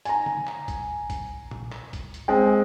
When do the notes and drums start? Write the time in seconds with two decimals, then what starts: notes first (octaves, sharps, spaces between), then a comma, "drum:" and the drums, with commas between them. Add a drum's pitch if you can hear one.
0.05 G#5 A#5, drum: hi-hat
0.26 drum: tom
0.47 drum: clap
0.68 drum: kick A#1, hi-hat
1.10 drum: kick A#1, hi-hat
1.51 drum: tom A#2
1.72 drum: clap
1.93 drum: kick A#1, hi-hat
2.14 drum: hi-hat
2.28 G#3 C4 G5